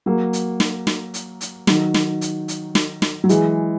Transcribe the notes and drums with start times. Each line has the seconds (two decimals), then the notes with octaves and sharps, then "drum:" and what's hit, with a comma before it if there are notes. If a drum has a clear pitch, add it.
0.06 F#3 A#3
0.33 drum: hi-hat
0.60 drum: snare
0.87 drum: snare
1.14 drum: hi-hat
1.41 drum: hi-hat
1.67 D#3 F#3, drum: snare
1.94 drum: snare
2.21 drum: hi-hat
2.48 drum: hi-hat
2.75 drum: snare
3.02 drum: snare
3.24 F#3
3.29 E3 G#3, drum: hi-hat